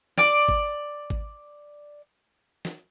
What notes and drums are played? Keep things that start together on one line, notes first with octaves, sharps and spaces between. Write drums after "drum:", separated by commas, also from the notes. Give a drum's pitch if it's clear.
D5 D6, drum: snare
drum: kick G#1
drum: kick G#1
drum: snare